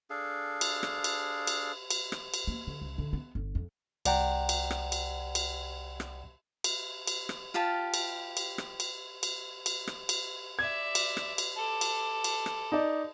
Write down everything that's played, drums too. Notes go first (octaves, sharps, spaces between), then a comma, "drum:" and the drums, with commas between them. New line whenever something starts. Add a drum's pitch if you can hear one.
D4 G#4 A4 F5
drum: cymbal
drum: rim click
drum: cymbal
drum: cymbal
drum: cymbal
drum: rim click
drum: cymbal
A#3
D3
C#2
D3
B3
G1
F2
C2 D5 F#5 G5 A#5, drum: cymbal
drum: cymbal
drum: rim click
drum: cymbal
drum: cymbal
drum: rim click
drum: cymbal
drum: cymbal
drum: rim click
F4 G4 F5 A5
drum: cymbal
drum: cymbal
drum: rim click
drum: cymbal
drum: cymbal
drum: cymbal
drum: rim click
drum: cymbal
D5 E5 G#6
drum: cymbal
drum: rim click
drum: cymbal
A4 D6
drum: cymbal
drum: cymbal
drum: rim click
D#4 D5